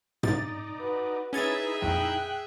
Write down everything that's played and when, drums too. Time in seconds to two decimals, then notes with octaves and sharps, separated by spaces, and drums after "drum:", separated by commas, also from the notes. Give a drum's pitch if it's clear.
0.23 B1 D#4 D5 A6, drum: tom
0.77 F#4 B4
1.33 C#4 D#4 E4 G#4 B4 E5 G#6 A6
1.82 B1 F2 A#2 G5 F#6